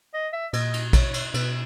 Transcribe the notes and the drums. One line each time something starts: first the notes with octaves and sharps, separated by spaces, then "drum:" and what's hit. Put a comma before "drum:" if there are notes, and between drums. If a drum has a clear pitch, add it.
D#5
E5
A#2 D#5, drum: cymbal
drum: cymbal
B2 C#5, drum: kick A#1, cymbal
drum: cymbal
B2 B4, drum: cymbal